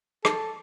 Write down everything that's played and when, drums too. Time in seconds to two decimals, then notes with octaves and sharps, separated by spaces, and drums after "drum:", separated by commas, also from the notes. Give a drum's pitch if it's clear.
0.25 A4, drum: rim click